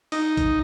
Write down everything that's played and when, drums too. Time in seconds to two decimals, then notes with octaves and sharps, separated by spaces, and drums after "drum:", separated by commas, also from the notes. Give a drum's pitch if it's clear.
0.12 D#4, drum: open hi-hat
0.37 drum: kick A1, hi-hat